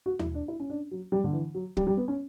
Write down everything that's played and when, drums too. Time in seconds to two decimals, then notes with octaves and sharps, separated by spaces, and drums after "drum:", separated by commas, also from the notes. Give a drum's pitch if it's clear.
0.06 F#4
0.19 E4, drum: tom D#2
0.34 D4
0.48 E4
0.60 C#4
0.70 D4
0.91 F#3
1.12 G3
1.24 D3
1.33 E3
1.55 F#3
1.77 G3, drum: kick
1.87 G3
1.97 B3
2.08 C#4